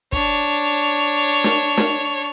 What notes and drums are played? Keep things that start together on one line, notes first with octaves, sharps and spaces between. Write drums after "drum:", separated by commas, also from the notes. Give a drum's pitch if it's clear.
D4 C#5, drum: kick
drum: snare
drum: snare